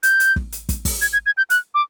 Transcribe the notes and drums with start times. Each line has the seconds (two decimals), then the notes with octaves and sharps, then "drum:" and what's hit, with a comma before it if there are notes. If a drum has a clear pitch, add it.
0.03 G6, drum: hi-hat
0.20 drum: hi-hat
0.36 drum: kick
0.52 drum: hi-hat
0.69 drum: kick, hi-hat
0.85 drum: kick, open hi-hat
1.01 G#6, drum: hi-hat
1.13 G#6
1.26 G#6
1.37 G6
1.50 F#6, drum: hi-hat
1.74 D6